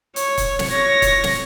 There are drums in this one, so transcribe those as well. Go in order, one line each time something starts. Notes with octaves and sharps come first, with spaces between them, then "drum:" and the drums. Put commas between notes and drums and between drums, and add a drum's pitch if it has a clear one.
C#5, drum: hi-hat
drum: kick C#1, hi-hat
drum: snare
C#5 A#6
drum: kick C#1, hi-hat
drum: snare